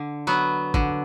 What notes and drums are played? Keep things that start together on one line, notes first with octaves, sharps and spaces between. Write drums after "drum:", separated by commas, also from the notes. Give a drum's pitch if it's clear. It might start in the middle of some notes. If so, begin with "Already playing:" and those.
Already playing: D3
F#3 B3
D3, drum: kick